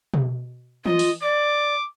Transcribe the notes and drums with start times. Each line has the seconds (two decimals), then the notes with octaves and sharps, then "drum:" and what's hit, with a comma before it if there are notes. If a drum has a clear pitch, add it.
0.14 drum: tom B2
0.86 F4 D#5, drum: tom E3
0.99 drum: open hi-hat
1.22 D5 D6